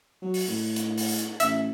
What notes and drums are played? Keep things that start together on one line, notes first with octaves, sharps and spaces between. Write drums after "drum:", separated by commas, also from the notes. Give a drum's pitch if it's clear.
F#3
drum: open hi-hat
A2
drum: hi-hat
drum: open hi-hat
drum: hi-hat
A1 E5, drum: hi-hat